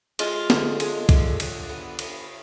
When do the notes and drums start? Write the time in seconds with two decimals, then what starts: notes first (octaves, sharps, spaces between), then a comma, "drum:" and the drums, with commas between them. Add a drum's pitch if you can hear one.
0.19 G#3 F4, drum: cymbal
0.50 D3, drum: snare
0.80 G#3, drum: cymbal
1.09 D3, drum: kick C2, cymbal
1.40 D3, drum: cymbal
1.69 B3
1.99 B3, drum: cymbal